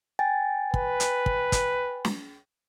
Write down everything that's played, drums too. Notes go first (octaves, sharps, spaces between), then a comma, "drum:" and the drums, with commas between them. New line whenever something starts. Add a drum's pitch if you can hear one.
G5 G#5 A6
B4, drum: kick
drum: hi-hat
drum: kick
drum: kick, hi-hat
drum: snare